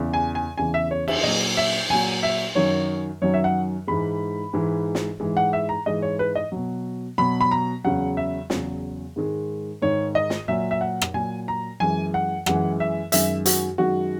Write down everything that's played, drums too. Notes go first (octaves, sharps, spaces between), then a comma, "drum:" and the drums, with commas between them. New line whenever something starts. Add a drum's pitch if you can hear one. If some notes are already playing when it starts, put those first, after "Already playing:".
Already playing: E2 C#3 E3
G#5
G#5
E2 C#3 E3 G#5
E5
C#5
E5, drum: cymbal
A#2 F#3 D#5
E5
A#2 F#3 G#5
E5
F#2 D#3 F#3 C#5
F#2 D#3 F#3 C#5
E5
F#5
G#2 E3 G#3 B5
G#2 E3 G#3
drum: snare
G#2 E3 G#3
F#5
E5
A#5
G#2 E3 G#3 D#5
C#5
B4
D#5
B2 F#3
B2 F#3 B5
B5
A#5
E2 C#3 F#3 F#5
E5
E2 C#3 F#3, drum: snare
G#2 D#3 G#3
G#2 D#3 G#3 C#5
D#5
drum: snare
A#2 F#3 E5
E5
F#5
drum: rim click
A#2 F#3 G#5
A#5
F#2 E3 G#3 G#5
F#5
F#2 E3 G#3 F#5, drum: rim click
E5
F#2 D#3 G#3 E5, drum: hi-hat
F#4, drum: hi-hat
F#2 D#3 G#3 F#4